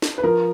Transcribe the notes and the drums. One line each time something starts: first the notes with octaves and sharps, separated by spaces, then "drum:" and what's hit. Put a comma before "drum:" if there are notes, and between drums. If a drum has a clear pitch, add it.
drum: snare
B4
F3 A#4